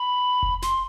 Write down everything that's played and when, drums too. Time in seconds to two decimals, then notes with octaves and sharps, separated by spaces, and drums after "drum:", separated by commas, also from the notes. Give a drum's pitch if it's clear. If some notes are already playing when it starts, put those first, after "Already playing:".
Already playing: B5
0.43 drum: kick F1
0.62 C6, drum: snare